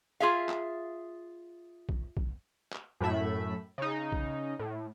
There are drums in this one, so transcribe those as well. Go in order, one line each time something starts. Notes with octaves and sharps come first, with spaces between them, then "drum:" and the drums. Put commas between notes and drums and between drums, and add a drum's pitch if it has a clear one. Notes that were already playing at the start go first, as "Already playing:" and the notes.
F4 G#4 E5 F5
drum: clap
drum: kick
drum: kick
drum: clap
F#2 A2 A3 E5 B5
C#3 D#4
drum: kick
A2